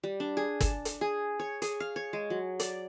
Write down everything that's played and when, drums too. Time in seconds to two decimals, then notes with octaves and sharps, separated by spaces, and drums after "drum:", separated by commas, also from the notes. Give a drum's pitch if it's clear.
0.04 G3
0.20 D4
0.37 G#4
0.61 A5, drum: kick, hi-hat
0.85 drum: hi-hat
1.01 G#4
1.40 C#5
1.62 G#4, drum: hi-hat
1.80 F5
1.96 C#5
2.13 G#3
2.30 F#3
2.60 D5, drum: hi-hat